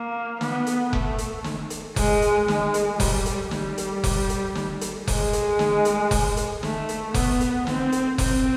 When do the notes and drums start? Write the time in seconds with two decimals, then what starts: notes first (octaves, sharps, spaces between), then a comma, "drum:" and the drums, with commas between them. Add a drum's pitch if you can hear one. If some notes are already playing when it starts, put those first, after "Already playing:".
Already playing: A#3
0.41 B3, drum: snare
0.67 drum: hi-hat
0.93 A3, drum: kick F1
1.18 drum: hi-hat
1.44 drum: snare
1.70 drum: hi-hat
1.96 G#3, drum: kick F1, open hi-hat
2.22 drum: hi-hat
2.48 G#3, drum: snare
2.74 drum: hi-hat
3.00 G3, drum: kick F1, open hi-hat
3.26 drum: hi-hat
3.51 G3, drum: snare
3.78 drum: hi-hat
4.04 drum: kick F1, open hi-hat
4.29 drum: hi-hat
4.55 drum: snare
4.81 drum: hi-hat
5.07 G#3, drum: kick F1, open hi-hat
5.33 drum: hi-hat
5.59 drum: snare
5.85 drum: hi-hat
6.11 drum: kick F1, open hi-hat
6.37 drum: hi-hat
6.63 A3, drum: snare
6.89 drum: hi-hat
7.14 B3, drum: kick F1, open hi-hat
7.41 drum: hi-hat
7.67 C4, drum: snare
7.92 drum: hi-hat
8.18 C4, drum: kick F1, open hi-hat